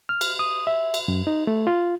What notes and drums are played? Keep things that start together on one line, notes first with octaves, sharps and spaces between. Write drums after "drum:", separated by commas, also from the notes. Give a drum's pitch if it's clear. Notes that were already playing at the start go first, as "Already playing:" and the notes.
F6
drum: cymbal
D#6
E5
drum: cymbal
F#2
D#4
A3
F4